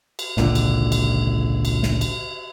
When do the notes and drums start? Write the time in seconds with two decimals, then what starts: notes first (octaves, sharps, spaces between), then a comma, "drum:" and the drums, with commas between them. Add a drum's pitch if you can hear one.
0.19 drum: cymbal
0.37 G#1 C#2 A#2 D3, drum: snare
0.55 drum: cymbal
0.92 drum: cymbal
1.65 drum: cymbal
1.83 drum: snare
2.01 drum: cymbal